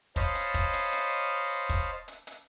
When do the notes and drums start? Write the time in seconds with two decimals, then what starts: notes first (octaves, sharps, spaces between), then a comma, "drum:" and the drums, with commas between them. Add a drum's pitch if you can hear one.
0.16 C5 C#5 D#5 F5 A5 B5, drum: kick, hi-hat
0.35 drum: hi-hat
0.54 drum: kick, hi-hat
0.74 drum: hi-hat
0.93 drum: hi-hat
1.69 drum: kick, hi-hat
2.08 drum: hi-hat
2.27 drum: hi-hat